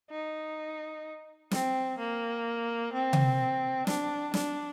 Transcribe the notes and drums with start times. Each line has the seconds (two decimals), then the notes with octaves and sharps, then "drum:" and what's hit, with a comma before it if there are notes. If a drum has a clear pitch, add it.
0.11 D#4
1.51 C4, drum: snare
1.99 A#3
2.93 C4
3.13 drum: tom C3
3.87 D4, drum: snare
4.34 D4, drum: snare